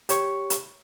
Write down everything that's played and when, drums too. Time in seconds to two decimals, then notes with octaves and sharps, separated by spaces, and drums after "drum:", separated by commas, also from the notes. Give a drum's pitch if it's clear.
0.09 G4 C#5 C#6, drum: hi-hat
0.50 drum: hi-hat